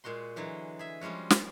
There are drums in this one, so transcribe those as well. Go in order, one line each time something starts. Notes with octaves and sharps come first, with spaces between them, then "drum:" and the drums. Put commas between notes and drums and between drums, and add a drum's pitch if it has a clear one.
A#2 G#3 F#4 C6
D3 E3 F#3 G#3
G#4 E5
F3 G3 G#3 C#4 F#4
drum: snare